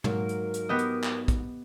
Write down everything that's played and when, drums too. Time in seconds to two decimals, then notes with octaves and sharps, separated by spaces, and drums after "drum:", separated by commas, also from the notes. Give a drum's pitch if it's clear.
0.04 G#2 F#3 A#3 A#4, drum: tom
0.29 drum: hi-hat
0.54 drum: hi-hat
0.69 B3 G4 D#5
0.79 drum: hi-hat
1.03 drum: clap
1.28 drum: kick, hi-hat